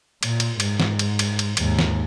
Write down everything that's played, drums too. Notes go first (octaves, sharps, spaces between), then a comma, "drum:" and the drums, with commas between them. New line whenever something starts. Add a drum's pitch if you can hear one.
A#2, drum: cymbal
drum: cymbal
G#2, drum: cymbal
drum: snare
drum: cymbal
drum: cymbal
drum: cymbal
D#2 G#2, drum: cymbal
drum: snare